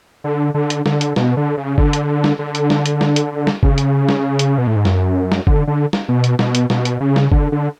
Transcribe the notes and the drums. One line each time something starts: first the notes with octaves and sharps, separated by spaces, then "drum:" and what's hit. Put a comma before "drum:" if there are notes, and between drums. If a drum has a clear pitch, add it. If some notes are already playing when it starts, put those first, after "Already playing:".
D3
D3
drum: hi-hat
D3, drum: snare
drum: hi-hat
B2, drum: snare
D3
C#3
D3, drum: kick
drum: hi-hat
drum: snare
D3
drum: hi-hat
drum: snare
drum: hi-hat
drum: snare
drum: hi-hat
drum: snare
C#3, drum: kick
drum: hi-hat
drum: snare
drum: hi-hat
B2
A2
G#2
F#2, drum: snare
drum: snare
D3, drum: kick
D3
drum: snare
B2
drum: hi-hat
B2, drum: snare
drum: hi-hat
B2, drum: snare
drum: hi-hat
C#3
drum: snare
D3, drum: kick
D3